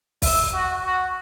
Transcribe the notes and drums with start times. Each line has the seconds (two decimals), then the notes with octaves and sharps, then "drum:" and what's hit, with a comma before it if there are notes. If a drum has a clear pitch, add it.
0.22 E5, drum: kick, open hi-hat
0.53 F#4
0.84 F#4